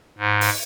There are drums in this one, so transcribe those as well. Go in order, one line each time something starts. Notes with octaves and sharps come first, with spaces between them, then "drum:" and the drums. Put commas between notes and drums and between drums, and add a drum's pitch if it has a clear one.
G#2
drum: open hi-hat